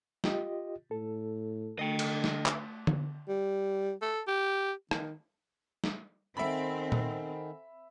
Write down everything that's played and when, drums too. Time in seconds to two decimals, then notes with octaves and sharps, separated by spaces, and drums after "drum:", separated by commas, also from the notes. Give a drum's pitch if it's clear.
0.24 F4 G4 D#5, drum: snare
0.91 A2 A4
1.79 D3 A3 F#4 D#5 G5
1.99 drum: cymbal
2.24 drum: snare
2.46 drum: clap
2.87 drum: tom D3
3.29 G3
4.02 A4
4.27 G4
4.91 D#3, drum: rim click
5.84 drum: snare
6.37 D#3 C4 A4 E5 F#5 G#5 B5
6.92 drum: tom A#2